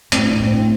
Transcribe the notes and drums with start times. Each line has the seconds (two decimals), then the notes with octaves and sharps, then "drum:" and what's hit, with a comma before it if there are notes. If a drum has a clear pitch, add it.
0.12 A2 C4, drum: hi-hat
0.26 D4
0.40 A2 C4
0.54 C4